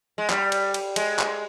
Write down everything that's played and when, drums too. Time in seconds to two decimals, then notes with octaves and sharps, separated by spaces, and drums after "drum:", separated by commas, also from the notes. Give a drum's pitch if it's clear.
0.18 G#3
0.30 G3, drum: clap
0.52 drum: cymbal
0.74 drum: cymbal
0.96 G#3, drum: cymbal
1.19 drum: clap